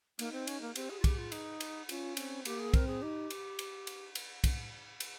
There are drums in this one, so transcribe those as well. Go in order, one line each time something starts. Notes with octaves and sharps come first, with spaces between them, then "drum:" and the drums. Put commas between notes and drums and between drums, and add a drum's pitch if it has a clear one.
A#3 D#4, drum: cymbal
C4
C#4, drum: cymbal
A#3
C4 G4, drum: cymbal
G#4
F4
G4 G#4, drum: kick, cymbal
F4
D#4, drum: cymbal
drum: cymbal
C#4 F4, drum: cymbal
C4, drum: cymbal
A#3 G4, drum: cymbal
G#4
C4 A#4, drum: kick, cymbal
G#4
D#4 G4
drum: cymbal
drum: cymbal
drum: cymbal
drum: cymbal
drum: kick, cymbal
drum: cymbal